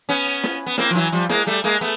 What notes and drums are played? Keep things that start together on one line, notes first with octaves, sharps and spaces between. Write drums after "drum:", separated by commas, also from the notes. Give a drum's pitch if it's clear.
B3 C#4, drum: hi-hat
drum: hi-hat
drum: snare
B3
A#3 C4, drum: snare
F3
E3 F#3, drum: hi-hat
F3 G3, drum: hi-hat
G#3 A#3, drum: snare
G3 A3, drum: hi-hat
G#3 A#3, drum: hi-hat
A3 B3, drum: hi-hat